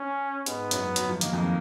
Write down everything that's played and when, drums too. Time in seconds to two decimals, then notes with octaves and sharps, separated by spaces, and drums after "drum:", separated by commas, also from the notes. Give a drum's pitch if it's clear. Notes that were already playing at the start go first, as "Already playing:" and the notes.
Already playing: C#4
0.46 G#2 G#3 B3, drum: hi-hat
0.71 F#2 F#3, drum: hi-hat
0.96 F#3, drum: hi-hat
1.09 F3
1.21 D#3 A#3, drum: hi-hat
1.33 F2 F3